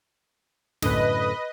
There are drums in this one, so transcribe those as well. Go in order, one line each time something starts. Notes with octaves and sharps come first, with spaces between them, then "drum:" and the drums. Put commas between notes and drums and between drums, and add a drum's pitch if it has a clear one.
F#2 A2 D3 B4 D#5, drum: snare